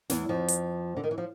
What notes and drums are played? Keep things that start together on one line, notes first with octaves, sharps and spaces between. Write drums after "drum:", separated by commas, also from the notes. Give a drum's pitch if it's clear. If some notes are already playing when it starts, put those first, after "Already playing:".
E2 E3, drum: snare
F2 F3
drum: hi-hat
D3
D#3
E3
F3